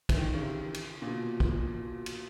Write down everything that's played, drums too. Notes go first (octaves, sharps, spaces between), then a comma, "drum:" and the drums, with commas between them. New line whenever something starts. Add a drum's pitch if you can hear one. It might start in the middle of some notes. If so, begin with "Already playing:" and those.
E3, drum: kick, cymbal
D#3
C#3
C3
drum: cymbal
A#2
B2
drum: kick
drum: cymbal